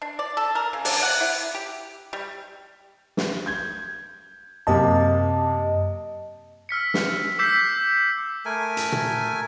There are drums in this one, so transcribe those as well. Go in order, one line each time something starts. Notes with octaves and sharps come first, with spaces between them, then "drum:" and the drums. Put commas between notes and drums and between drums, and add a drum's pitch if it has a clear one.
D4
D5
A4
A#4
C#3
D4, drum: open hi-hat
F#5
E4
G4
G3
drum: snare
G6 G#6
F#2 C3 A#3 D#5 A5
E6 F6 B6 C#7
drum: snare
D6 E6 G6 B6 C7
A3 A#4 G#5
drum: hi-hat
drum: tom A#2